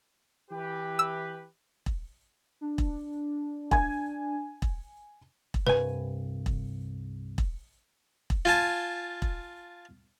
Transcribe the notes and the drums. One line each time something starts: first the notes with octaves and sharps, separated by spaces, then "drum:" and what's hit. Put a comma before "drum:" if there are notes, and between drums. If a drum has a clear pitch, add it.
E3 G4 B4
E6
drum: kick E1
D4
drum: kick E1
G#5 G#6, drum: kick E1
drum: kick E1
drum: kick E1
C2 G2 B4 G#5
drum: kick E1
drum: kick E1
drum: kick E1
F4 G#5 A5
drum: kick E1